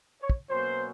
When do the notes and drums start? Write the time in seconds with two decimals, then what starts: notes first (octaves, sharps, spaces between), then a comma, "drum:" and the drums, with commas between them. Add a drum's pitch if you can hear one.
0.20 C#5
0.30 drum: kick
0.49 B2 F#3 A#3 C#4 C5